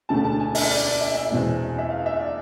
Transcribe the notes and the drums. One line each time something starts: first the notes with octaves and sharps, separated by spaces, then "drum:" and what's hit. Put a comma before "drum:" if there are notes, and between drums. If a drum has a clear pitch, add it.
E1 D2 D3 A3 A5
A5
G#5
E5, drum: open hi-hat
D5
D5
E5
E5
E2 B2 G#3 C4
E5
F5
E5
D5